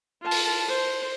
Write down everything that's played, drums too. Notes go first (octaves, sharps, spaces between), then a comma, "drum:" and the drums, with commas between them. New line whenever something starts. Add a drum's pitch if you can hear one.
F4 A5
drum: open hi-hat
C5